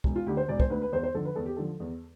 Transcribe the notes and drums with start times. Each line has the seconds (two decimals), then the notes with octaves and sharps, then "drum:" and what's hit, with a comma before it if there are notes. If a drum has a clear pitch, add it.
0.04 E1, drum: kick
0.16 F4
0.26 D2 D3 G4
0.37 C5
0.48 E1 D5
0.60 C5, drum: kick
0.70 D2 D3 B4
0.82 B4
0.92 E2 C5
1.03 C5
1.15 D3 F3 A4
1.25 B4
1.36 E2 A4
1.46 G4
1.56 D3 F3 A4
1.80 E2